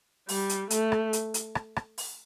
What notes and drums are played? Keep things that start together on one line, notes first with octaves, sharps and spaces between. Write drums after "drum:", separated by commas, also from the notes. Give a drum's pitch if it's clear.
G3, drum: open hi-hat
drum: hi-hat
A3, drum: hi-hat
drum: rim click
drum: hi-hat
drum: hi-hat
drum: rim click
drum: rim click
drum: open hi-hat